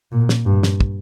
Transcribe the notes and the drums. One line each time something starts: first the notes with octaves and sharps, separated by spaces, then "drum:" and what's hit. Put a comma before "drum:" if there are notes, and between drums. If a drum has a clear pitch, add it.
A#2
drum: snare
G2
drum: snare
drum: kick